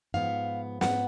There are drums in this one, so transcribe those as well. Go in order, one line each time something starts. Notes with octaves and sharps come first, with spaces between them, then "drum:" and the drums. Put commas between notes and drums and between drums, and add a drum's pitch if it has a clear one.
G#2 F3 B3 F5
G#2 F3 B3 F#5, drum: snare